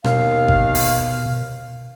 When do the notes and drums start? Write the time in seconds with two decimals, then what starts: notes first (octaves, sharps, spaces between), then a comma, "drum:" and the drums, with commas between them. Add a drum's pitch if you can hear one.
0.04 D#2 B2 F5, drum: rim click
0.48 drum: kick G#1
0.75 drum: open hi-hat